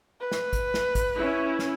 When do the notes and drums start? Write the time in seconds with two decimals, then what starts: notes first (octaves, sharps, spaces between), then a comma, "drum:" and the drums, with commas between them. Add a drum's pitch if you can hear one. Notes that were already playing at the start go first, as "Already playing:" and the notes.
0.21 B4
0.32 drum: snare
0.53 drum: kick, hi-hat
0.74 drum: snare
0.95 drum: kick, hi-hat
1.16 C#4 E4
1.59 drum: snare